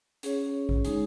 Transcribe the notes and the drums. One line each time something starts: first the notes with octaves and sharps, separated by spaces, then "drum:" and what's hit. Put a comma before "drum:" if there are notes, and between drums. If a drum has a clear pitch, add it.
C#4 G#4 C#5, drum: hi-hat
drum: kick A1
G#3 D#4 G#4, drum: hi-hat